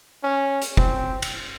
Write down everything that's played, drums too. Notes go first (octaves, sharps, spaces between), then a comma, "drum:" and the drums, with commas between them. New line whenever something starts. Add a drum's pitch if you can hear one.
C#4
drum: hi-hat
C4, drum: kick
drum: cymbal